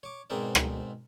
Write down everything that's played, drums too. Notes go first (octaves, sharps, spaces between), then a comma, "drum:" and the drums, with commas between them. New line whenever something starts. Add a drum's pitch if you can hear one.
C#5 D6
G#2 B2 C4 G#4 A#4 D5
drum: rim click